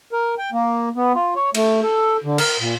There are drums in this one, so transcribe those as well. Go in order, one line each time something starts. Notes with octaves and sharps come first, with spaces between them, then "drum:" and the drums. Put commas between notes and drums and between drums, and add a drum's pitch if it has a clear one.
A#4
G5
A#3
B3
F4
C#5
A3, drum: cymbal
A4
D3
A#4, drum: cymbal
A#2